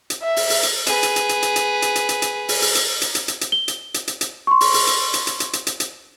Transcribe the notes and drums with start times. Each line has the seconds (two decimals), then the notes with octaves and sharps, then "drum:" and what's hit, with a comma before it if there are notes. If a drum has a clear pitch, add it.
0.10 drum: hi-hat
0.23 E5
0.36 drum: open hi-hat
0.50 drum: open hi-hat
0.63 drum: hi-hat
0.87 G#4 B4, drum: hi-hat
1.03 drum: hi-hat
1.16 drum: hi-hat
1.29 drum: hi-hat
1.42 drum: hi-hat
1.56 drum: hi-hat
1.82 drum: hi-hat
1.95 drum: hi-hat
2.09 drum: hi-hat
2.22 drum: hi-hat
2.48 drum: open hi-hat
2.62 drum: open hi-hat
2.75 drum: hi-hat
3.02 drum: hi-hat
3.15 drum: hi-hat
3.28 drum: hi-hat
3.41 drum: hi-hat
3.52 G7
3.68 drum: hi-hat
3.94 drum: hi-hat
4.08 drum: hi-hat
4.21 drum: hi-hat
4.47 C6 C#6
4.61 drum: open hi-hat
4.74 drum: open hi-hat
4.87 drum: hi-hat
5.14 drum: hi-hat
5.27 drum: hi-hat
5.40 drum: hi-hat
5.53 drum: hi-hat
5.67 drum: hi-hat
5.80 drum: hi-hat